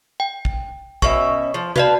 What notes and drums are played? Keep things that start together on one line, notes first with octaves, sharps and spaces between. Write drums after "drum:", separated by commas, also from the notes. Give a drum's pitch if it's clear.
G5
drum: kick
B2 C#4 E5 C#6, drum: kick
F3
F#4 B4 D5 F5 A5, drum: tom C3